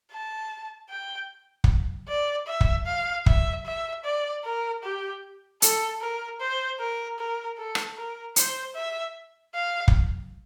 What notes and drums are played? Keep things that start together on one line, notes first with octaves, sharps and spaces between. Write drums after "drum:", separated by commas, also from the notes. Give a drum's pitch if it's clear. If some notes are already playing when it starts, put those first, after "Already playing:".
A5
G5
drum: kick
D5
E5
drum: kick
F5
E5, drum: kick
E5
D5
A#4
G4
A4, drum: hi-hat
A#4
C5
A#4
A#4
A4
drum: rim click
A#4
C5, drum: hi-hat
E5
F5
drum: kick